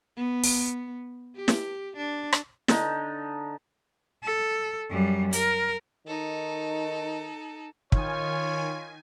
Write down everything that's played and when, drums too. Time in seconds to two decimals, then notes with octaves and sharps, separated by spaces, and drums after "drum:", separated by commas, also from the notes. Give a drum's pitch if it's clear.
0.17 B3
0.44 drum: open hi-hat
1.36 G4
1.48 drum: snare
1.97 D4
2.33 drum: rim click
2.68 D3 D#4, drum: snare
4.23 A4
4.91 F#2 G3
5.33 A#4, drum: hi-hat
6.07 D#3 D#4 A4
7.92 D#3 F4 C#5 G#5, drum: kick